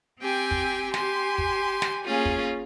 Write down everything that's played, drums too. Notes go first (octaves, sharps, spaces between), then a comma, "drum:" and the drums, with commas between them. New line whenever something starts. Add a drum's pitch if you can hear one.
C4 G4 G5 G#5
drum: kick
G4 G#5 C6, drum: snare
drum: kick
drum: snare
A#3 C#4 F4 G#4
drum: kick